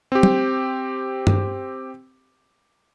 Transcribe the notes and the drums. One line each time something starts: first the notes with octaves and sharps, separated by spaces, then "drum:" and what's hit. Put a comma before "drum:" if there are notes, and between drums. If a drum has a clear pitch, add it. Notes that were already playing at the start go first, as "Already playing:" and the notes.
C4 G4
drum: tom
drum: tom G2